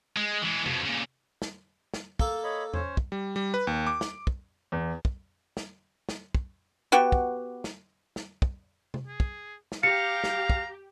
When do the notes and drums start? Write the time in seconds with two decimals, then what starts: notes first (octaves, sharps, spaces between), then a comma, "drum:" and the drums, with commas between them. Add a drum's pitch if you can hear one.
0.17 G#3
0.42 E3 G#3
0.66 F2 B2, drum: tom C3
0.85 A#2 C#3
1.42 drum: snare
1.94 drum: snare
2.19 A#3 A4, drum: kick
2.44 C#5 D#5 B5
2.74 C#4 C5 C#5, drum: tom E2
2.97 drum: kick
3.12 G3
3.36 G3
3.54 B4
3.67 D#2
3.87 D6
4.01 drum: snare
4.27 drum: kick
4.72 E2
5.05 drum: kick
5.57 drum: snare
6.09 drum: snare
6.35 drum: kick
6.92 B3 F#4 G4
7.12 drum: kick
7.64 drum: snare
8.16 drum: snare
8.42 drum: kick
8.94 drum: tom C3
9.07 G#4
9.20 drum: kick
9.72 drum: snare
9.83 G4 F5 A#5 C#7
10.24 drum: snare
10.50 drum: kick